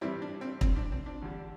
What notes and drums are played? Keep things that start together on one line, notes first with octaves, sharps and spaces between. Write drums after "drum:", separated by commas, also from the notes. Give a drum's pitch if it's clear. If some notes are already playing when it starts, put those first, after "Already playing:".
G2 E3 G3 C4 E4
D4
C4
C4, drum: kick
D4
C4
D4
E2 D3 G3